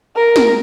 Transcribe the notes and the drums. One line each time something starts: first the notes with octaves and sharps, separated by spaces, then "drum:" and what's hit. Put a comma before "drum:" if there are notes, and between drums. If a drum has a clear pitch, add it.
A#4
drum: snare